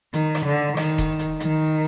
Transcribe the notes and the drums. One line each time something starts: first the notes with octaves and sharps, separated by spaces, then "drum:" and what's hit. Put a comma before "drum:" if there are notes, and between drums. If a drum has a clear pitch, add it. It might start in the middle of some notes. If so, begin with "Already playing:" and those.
D#3, drum: hi-hat
drum: rim click
D3
D#3, drum: rim click
drum: kick E1, hi-hat
drum: hi-hat
D#3, drum: hi-hat